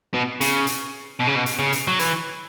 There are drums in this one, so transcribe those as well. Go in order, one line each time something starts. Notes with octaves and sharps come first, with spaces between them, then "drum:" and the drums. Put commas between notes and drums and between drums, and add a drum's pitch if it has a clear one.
B2
C#3, drum: hi-hat
drum: hi-hat
B2
C#3
B2
drum: hi-hat
C#3
drum: hi-hat
F#3
E3, drum: hi-hat